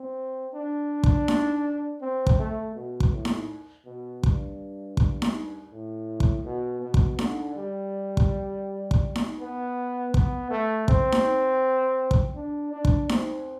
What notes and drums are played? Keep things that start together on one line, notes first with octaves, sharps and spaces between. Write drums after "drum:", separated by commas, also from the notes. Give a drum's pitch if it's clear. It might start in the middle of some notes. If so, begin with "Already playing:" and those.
Already playing: C4
D4
drum: kick
drum: snare D#4
C4
drum: kick
A3
B2
drum: kick
A2
drum: snare D#4
B2
G2, drum: kick
drum: kick
drum: snare D#4
A2
drum: kick
B2
B2
drum: kick
D3, drum: snare D#4
G3
drum: kick
drum: kick
drum: snare D#4
B3
B3, drum: kick
A3
C4, drum: kick
drum: snare D#4
drum: kick
D4
D4
drum: kick
C4, drum: snare D#4